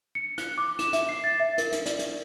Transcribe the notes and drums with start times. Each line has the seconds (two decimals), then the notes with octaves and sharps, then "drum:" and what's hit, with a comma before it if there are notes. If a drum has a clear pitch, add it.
0.15 C#7
0.38 F#6, drum: hi-hat
0.58 D6
0.79 E7, drum: hi-hat
0.93 E5, drum: hi-hat
1.09 C7
1.24 A6
1.40 E5
1.58 A#4, drum: hi-hat
1.72 drum: hi-hat
1.86 D5, drum: hi-hat
1.99 drum: hi-hat